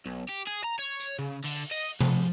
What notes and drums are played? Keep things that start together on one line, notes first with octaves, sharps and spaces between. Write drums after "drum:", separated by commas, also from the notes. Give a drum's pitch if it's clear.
B1
G4
G#4
A#5
C#5
drum: tambourine
C#3
D3, drum: open hi-hat
D#5
F3, drum: tom C3